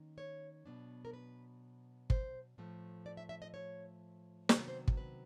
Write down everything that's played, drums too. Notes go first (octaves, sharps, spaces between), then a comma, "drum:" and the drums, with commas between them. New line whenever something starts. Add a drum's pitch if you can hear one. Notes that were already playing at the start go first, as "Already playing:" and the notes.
Already playing: D#3 A#3 C#4
C#5
B2 F#3 B3 D4
A#4
B4
C5, drum: kick
A2 F3 A3
D5
E5
E5
D#5
C#5
C3 D#3 F#3 B3 D4 C5, drum: snare
B4
C5
drum: kick
B4